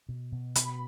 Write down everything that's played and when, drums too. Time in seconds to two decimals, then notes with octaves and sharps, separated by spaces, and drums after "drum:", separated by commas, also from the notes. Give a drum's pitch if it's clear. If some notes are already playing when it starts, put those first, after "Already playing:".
0.09 B2
0.32 B2
0.55 B2 B5, drum: hi-hat